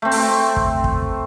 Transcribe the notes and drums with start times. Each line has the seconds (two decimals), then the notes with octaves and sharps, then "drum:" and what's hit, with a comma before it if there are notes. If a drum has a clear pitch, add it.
0.02 A3 C4
0.12 drum: open hi-hat
0.56 drum: kick
0.84 drum: kick